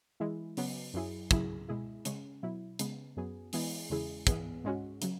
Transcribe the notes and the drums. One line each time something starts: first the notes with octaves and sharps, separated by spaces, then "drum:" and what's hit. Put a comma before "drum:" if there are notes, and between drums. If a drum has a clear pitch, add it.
E3 G#3 E4
C#3 F#3 B3, drum: open hi-hat
F#2 F#3 E4 G#4
C#3 F#3 E4 G#4, drum: kick, hi-hat
B2 G#3 E4 G#4
C#3 G#3 C#4, drum: hi-hat
B2 F#3 E4
C#3 G#3 B3, drum: hi-hat
F#2 F#3 B3 G#4
E3 G#3 B3 E4 G#4, drum: open hi-hat
E2 C#3 G#3 E4 G#4
E3 B3 G#4, drum: kick, hi-hat
G#2 G#3 C#4 F#4
C#3 F#3, drum: hi-hat